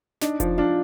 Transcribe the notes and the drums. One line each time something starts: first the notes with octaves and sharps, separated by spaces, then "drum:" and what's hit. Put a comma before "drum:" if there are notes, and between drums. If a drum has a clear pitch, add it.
D4 D#4, drum: snare
F3, drum: kick F1, hi-hat
D4 F4